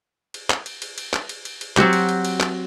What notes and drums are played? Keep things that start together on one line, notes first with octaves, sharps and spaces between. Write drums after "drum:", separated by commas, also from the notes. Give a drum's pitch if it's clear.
drum: cymbal
drum: clap
drum: cymbal
drum: cymbal
drum: cymbal
drum: clap
drum: cymbal
drum: cymbal
drum: cymbal
F#3 C4 F#4 G4, drum: clap
drum: cymbal
drum: cymbal
drum: cymbal
drum: clap